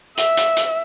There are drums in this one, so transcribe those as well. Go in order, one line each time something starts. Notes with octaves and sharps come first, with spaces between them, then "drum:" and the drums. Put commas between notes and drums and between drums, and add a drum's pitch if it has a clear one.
E5, drum: hi-hat
drum: hi-hat
drum: hi-hat